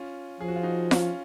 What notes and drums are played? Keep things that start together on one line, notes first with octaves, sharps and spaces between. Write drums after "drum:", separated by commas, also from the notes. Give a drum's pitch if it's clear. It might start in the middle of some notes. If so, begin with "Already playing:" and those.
Already playing: C#4 F4
F3 G#4
F#4
F4
D#4 F#4
C#4 F4, drum: snare F4